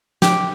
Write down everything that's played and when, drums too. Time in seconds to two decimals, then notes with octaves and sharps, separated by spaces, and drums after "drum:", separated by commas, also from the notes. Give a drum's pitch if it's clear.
0.22 G4, drum: snare